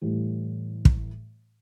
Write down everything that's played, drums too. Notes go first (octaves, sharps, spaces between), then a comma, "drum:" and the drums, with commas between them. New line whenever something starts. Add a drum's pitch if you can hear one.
A2 E3 G3
drum: kick